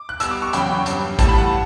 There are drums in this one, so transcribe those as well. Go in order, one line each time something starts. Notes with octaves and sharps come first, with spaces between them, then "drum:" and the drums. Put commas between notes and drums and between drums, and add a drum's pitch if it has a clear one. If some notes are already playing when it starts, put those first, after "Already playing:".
Already playing: D6
F#6
B2 G3 E6, drum: hi-hat
D6
C#6
E2 C#3 F#3 G5 B5, drum: hi-hat
G2 F#3, drum: hi-hat
A2 E3 G3 A5, drum: kick, hi-hat
B5
F#5 A5